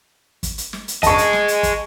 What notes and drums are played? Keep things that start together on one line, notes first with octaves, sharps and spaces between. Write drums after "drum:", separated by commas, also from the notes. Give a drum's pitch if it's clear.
drum: kick, hi-hat
drum: hi-hat
drum: snare
drum: hi-hat
G#4 D#5 A5 C#6, drum: kick, hi-hat
drum: hi-hat
drum: snare
drum: hi-hat
drum: kick, hi-hat